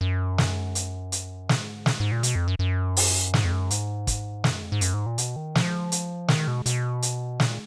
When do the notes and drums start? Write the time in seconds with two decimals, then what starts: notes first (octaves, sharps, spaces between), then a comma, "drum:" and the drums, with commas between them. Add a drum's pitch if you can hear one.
0.01 F#2
0.38 drum: snare
0.75 drum: hi-hat
1.12 drum: hi-hat
1.49 G#2, drum: snare
1.86 drum: snare
2.00 G#2
2.12 A#2
2.23 B2, drum: hi-hat
2.35 F2
2.48 F#2
2.59 F#2
2.97 drum: open hi-hat
3.34 G#2, drum: snare
3.44 F2
3.52 F#2
3.71 G#2, drum: hi-hat
4.07 drum: kick, hi-hat
4.44 F#2, drum: snare
4.63 F2
4.72 G#2
4.81 F#2, drum: hi-hat
4.94 G#2
5.06 A#2
5.18 B2, drum: hi-hat
5.36 D#3
5.55 F3, drum: snare
5.92 drum: hi-hat
6.28 D#3, drum: snare
6.48 B2
6.66 B2, drum: hi-hat
7.02 drum: hi-hat
7.40 A#2, drum: snare